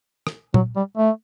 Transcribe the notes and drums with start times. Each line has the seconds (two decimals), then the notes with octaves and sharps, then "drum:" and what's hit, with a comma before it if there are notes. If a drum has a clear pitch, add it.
0.27 drum: rim click
0.54 F#3, drum: tom A#2
0.76 G3
0.97 A3